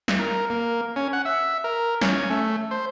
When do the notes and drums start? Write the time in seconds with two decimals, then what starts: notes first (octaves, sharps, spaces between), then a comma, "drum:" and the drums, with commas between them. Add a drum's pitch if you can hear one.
0.08 drum: snare
0.19 A#4
0.50 A#3
0.96 C#4
1.13 F#5
1.25 E5
1.64 A#4
2.01 C#4, drum: snare
2.30 A3
2.71 C5